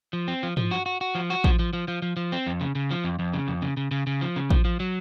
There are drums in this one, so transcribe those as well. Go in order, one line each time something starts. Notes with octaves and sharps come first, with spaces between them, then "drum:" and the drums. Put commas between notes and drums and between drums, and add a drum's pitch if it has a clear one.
F3
C4
F3
F3, drum: tom
F#4
F#4
F#4
F3
F#4
F3, drum: kick A1
F3
F3
F3
F3
F3
C4
F2
C#3
C#3
F3
F2
F2
C#3
F2
C#3
C#3
C#3
C#3
F3
C#3
F3, drum: kick A1
F3
F#3